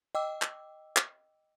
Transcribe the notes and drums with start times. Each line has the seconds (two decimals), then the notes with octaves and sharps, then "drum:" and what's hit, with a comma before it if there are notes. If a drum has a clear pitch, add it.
0.15 D#5 G5 D6 E6
0.42 drum: clap
0.96 drum: clap